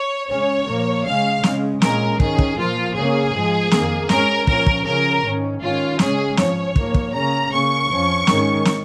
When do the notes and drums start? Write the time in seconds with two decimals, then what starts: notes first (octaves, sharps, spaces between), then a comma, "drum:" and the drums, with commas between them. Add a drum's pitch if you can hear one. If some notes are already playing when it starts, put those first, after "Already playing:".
Already playing: C#5
0.29 C#3 G#3 C#4 C#5
0.68 A#2 F3 A#3
1.05 C#3 G#3 C#4 F5
1.43 C#3 G#3 C#4, drum: snare
1.82 A#2 G#3 C#4 A#4, drum: snare
2.20 G#2 D#3 C#4 G#4, drum: kick
2.39 drum: kick
2.58 A#2 F3 A#3 F4
2.95 C#3 A#3 C#4 G#4
3.33 G#2 F3 G#3
3.71 F2 D#3 A#3, drum: snare
4.09 G#2 G#3 C#4 A#4, drum: snare
4.47 A#2 F3 C#4 A#4, drum: kick
4.66 drum: kick
4.85 C#3 F3 C#4 A#4
5.24 G#2 D#3 C#4
5.61 G#2 D#3 C#4 F4
5.99 C#3 G#3 C#4 G#4, drum: snare
6.37 G#2 F3 C#4 C#5, drum: snare
6.76 G#2 F3 A#3, drum: kick
6.94 drum: kick
7.13 C#3 A#3 C#4 A#5
7.51 C#3 A#3 C#4 C#6
7.90 F2 F3 C#4
8.27 G#2 D#3 G#3 C#4, drum: snare
8.65 drum: snare